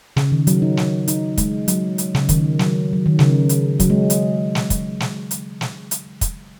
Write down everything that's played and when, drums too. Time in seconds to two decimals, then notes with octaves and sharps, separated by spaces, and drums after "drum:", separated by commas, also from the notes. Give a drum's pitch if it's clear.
0.17 C#3, drum: snare
0.32 D#3
0.47 F#3, drum: hi-hat
0.62 D#4
0.77 drum: snare
1.08 D#4, drum: hi-hat
1.38 G#3, drum: kick, hi-hat
1.68 F#3, drum: hi-hat
1.98 drum: hi-hat
2.15 C#3, drum: snare
2.29 D#3, drum: kick, hi-hat
2.59 F#3, drum: snare
2.93 F#3
3.06 D#3
3.19 C#3, drum: snare
3.49 drum: hi-hat
3.80 F#3, drum: kick, hi-hat
3.90 G#3
4.10 drum: hi-hat
4.55 drum: snare
4.70 drum: kick, hi-hat
5.00 drum: snare
5.31 drum: hi-hat
5.61 drum: snare
5.91 drum: hi-hat
6.21 drum: kick, hi-hat